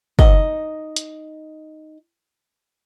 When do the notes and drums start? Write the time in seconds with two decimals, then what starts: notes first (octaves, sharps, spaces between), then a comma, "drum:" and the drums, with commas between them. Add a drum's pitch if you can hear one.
0.19 D#4 D#5, drum: kick
0.96 drum: hi-hat